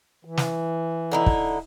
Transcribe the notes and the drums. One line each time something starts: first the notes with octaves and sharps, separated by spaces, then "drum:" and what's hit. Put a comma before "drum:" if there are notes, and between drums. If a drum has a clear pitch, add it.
E3
drum: snare
D3 D#4 E4
drum: kick